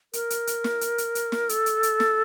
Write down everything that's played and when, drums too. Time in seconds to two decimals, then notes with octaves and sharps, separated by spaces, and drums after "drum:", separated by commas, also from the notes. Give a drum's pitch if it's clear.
0.13 A#4, drum: hi-hat
0.30 drum: hi-hat
0.47 drum: hi-hat
0.64 drum: snare
0.81 drum: hi-hat
0.98 drum: hi-hat
1.15 drum: hi-hat
1.32 drum: snare
1.49 A4, drum: hi-hat
1.66 drum: hi-hat
1.83 drum: hi-hat
2.00 drum: snare